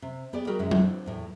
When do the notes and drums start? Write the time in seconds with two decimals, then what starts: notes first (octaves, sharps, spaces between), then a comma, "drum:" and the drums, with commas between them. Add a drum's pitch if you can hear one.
0.02 C3
0.33 B3 G4 G#4 D5
0.47 G3 F#4 G#4 A#4 G5
0.59 F#2 C3 G#3 E4
0.71 drum: tom F#3
0.81 C4 D4
1.06 E2 A2